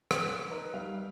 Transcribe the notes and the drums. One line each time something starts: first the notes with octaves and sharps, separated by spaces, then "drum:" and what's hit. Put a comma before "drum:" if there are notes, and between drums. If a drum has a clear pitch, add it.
F#6, drum: rim click
D#4 A#4 B4
G3 F5